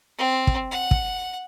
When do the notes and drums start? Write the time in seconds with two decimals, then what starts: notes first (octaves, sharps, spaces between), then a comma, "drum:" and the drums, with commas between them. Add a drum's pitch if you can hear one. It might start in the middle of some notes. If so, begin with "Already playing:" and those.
0.18 C4
0.47 drum: kick
0.71 F#5
0.91 drum: kick